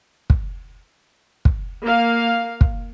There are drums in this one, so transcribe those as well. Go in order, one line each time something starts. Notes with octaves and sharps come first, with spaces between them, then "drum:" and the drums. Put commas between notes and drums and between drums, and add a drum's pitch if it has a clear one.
drum: kick
drum: kick
A#3 F5
drum: kick